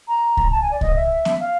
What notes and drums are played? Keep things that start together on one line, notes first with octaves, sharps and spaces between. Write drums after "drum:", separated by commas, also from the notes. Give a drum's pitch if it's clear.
A#5
drum: kick C2
A5
G#5
D5
D#5, drum: kick C2
E5
drum: snare B3
F5